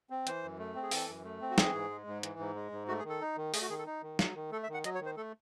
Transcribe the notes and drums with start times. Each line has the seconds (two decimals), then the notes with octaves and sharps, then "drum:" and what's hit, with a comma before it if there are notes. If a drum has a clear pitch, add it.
0.10 C4
0.27 E3 C5, drum: hi-hat
0.43 F#2
0.59 A3
0.75 C4
0.83 G#4
0.91 E3 A4, drum: open hi-hat
1.08 F#2
1.25 A3
1.41 C4
1.51 F#4
1.58 E3 G#4, drum: snare
1.74 G#2
1.90 G#3
2.07 G#2
2.23 E3, drum: hi-hat
2.39 G#2
2.55 G#3
2.72 G#2
2.88 A3 F#4
2.99 G#4
3.04 D#3
3.10 A4
3.21 D#4
3.37 D#3
3.54 A3 G#4, drum: open hi-hat
3.62 F#4
3.70 D#3 G#4
3.79 A4
3.86 D#4
4.02 D#3
4.19 F#3, drum: snare
4.35 D#3
4.52 A3 A4
4.63 E5
4.69 D#3
4.74 F#5
4.84 F#3 D#5, drum: hi-hat
4.95 C#5
5.00 D#3
5.06 C5
5.17 A3 A4